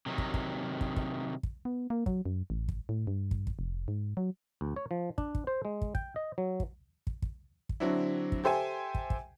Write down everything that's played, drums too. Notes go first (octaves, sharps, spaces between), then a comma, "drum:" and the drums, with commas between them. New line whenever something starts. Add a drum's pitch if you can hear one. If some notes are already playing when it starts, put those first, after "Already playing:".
C3 D#3 F#3
drum: kick
drum: kick
drum: kick
drum: kick
drum: kick
B3
A#3
F#3, drum: kick
F#2
A1
drum: kick
A2
G2
drum: kick
drum: kick
F1
G#2
F#3
D2
C#5
F3
D4, drum: kick
drum: kick
C5
G#3
drum: kick
G5, drum: kick
D#5
F#3
drum: kick
drum: kick
drum: kick
drum: kick
D3 F#3 C4 D4 E4
drum: kick
G4 A4 C5 E5 G5 G#5
drum: kick
drum: kick